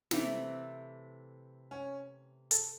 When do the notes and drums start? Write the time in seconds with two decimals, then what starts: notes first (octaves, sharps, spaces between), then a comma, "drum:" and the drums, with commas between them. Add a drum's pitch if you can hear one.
0.11 C3 E3 A3 C4, drum: snare
1.71 C#4
2.51 A4, drum: hi-hat